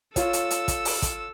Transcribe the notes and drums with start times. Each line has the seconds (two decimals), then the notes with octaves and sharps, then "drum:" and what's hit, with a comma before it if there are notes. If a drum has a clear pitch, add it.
0.16 F4 A4 C#5 E6, drum: kick, hi-hat
0.33 drum: hi-hat
0.51 drum: hi-hat
0.68 drum: kick, hi-hat
0.85 drum: open hi-hat
1.02 drum: kick, hi-hat